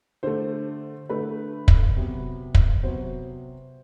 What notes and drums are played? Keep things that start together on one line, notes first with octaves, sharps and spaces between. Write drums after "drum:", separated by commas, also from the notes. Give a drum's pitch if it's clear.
D3 A3 C5
D3 A3 B4
drum: kick
C3 F#3 B3
drum: kick
C3 F#3 B3 C5